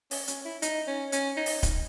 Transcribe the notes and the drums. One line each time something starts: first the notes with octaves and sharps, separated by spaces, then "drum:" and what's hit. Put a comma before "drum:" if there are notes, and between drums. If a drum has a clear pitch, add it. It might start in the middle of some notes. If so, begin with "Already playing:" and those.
C#4, drum: open hi-hat
C#4, drum: hi-hat
E4
D#4, drum: hi-hat
C#4
C#4, drum: hi-hat
D#4
drum: open hi-hat
drum: kick D1, hi-hat